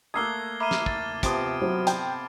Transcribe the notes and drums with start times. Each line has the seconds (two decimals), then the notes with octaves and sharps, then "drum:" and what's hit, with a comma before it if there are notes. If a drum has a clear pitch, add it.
0.14 A3 A#3 F#5 D#6 E6 G#6 C7 G7
0.60 E5 A#5 B5 D6 F6 D#7
0.71 drum: snare
0.86 A6, drum: kick
1.23 C3 F3 B3 D7, drum: kick, hi-hat
1.61 F#3 C5
1.87 G5, drum: hi-hat